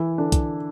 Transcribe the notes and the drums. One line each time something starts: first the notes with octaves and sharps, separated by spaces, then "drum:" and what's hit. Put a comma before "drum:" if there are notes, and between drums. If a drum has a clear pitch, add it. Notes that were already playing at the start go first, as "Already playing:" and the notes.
Already playing: E3 E4
D3 D4
drum: kick B1, hi-hat